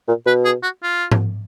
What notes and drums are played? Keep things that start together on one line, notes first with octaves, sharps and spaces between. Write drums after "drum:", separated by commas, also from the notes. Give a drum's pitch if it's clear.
A#2
B2 B4
G#4
F#4
F4
drum: tom G#2